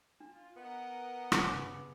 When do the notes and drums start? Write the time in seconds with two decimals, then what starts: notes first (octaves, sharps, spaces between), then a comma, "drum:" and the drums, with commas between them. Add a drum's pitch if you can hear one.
0.20 D4 F4
0.57 B3 A#4 D#5 F#5
1.32 drum: rim click
1.42 G2 C#3 C#5 G#5 D6